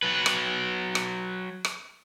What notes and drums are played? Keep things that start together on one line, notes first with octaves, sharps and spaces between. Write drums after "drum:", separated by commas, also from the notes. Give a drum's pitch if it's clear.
F#3 B4
drum: rim click
drum: rim click
drum: rim click